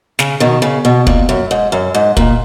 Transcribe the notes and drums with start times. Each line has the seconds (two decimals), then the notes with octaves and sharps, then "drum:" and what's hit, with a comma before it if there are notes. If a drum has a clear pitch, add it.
0.19 C#3, drum: snare
0.40 B2 D#3
0.62 C#3
0.85 B2
1.07 A#2, drum: kick
1.29 F#2
1.51 G#2
1.72 F#2
1.95 G#2
2.17 A#2, drum: kick